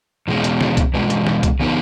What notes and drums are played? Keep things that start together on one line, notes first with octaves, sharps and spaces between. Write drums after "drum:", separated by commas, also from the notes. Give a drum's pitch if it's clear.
E2 B2 G#3 C#4
drum: hi-hat
drum: snare
drum: kick C2, hi-hat
E2 B2 G#3 C#4
drum: hi-hat
drum: snare
drum: kick C2, hi-hat
C#3 E3 B3 D#4 A#4